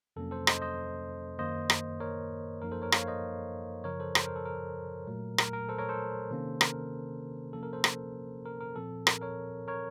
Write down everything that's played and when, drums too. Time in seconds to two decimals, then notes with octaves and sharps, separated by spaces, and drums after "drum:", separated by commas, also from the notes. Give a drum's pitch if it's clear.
0.16 F2 C3 F#3 A#3 C#4 A4
0.31 A4 C5
0.47 C5 D#5, drum: rim click
0.62 C5 D#5
1.39 F#2 D#3 A#3 C5 D#5
1.70 drum: rim click
2.00 A#4 C#5
2.62 F#2 F3 A#3 D#4 A#4
2.71 A4 C5
2.82 A#4 C#5
2.92 C#5 F5, drum: rim click
3.07 C5 D#5
3.84 F#2 C#3 F3 A#4 C#5
4.00 A4 C5
4.15 A4 C5, drum: rim click
4.26 A#4
4.36 A4
4.45 A#4
5.07 A#2 F#3 A3
5.38 A#4, drum: rim click
5.53 A#4
5.69 A4 C5
5.78 A#4 C#5
5.89 A4 C5
6.30 C3 D#3 A#3 C#4
6.61 A#4, drum: rim click
7.53 C3 F3 A#3 C#4 A4
7.63 A#4
7.73 A4 C5
7.84 drum: rim click
8.45 A#4
8.61 A#4
8.76 A#2 F3 C4 A4
9.07 A#4, drum: rim click
9.22 A#4 C#5
9.68 A#4 C#5